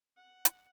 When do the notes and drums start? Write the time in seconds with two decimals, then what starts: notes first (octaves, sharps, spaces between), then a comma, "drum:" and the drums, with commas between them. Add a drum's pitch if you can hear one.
0.17 F#5
0.45 drum: hi-hat